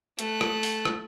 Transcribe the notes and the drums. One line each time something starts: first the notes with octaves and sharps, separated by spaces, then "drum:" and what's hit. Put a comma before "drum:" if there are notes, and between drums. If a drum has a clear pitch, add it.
A3 F#6, drum: hi-hat
drum: rim click
drum: open hi-hat
drum: rim click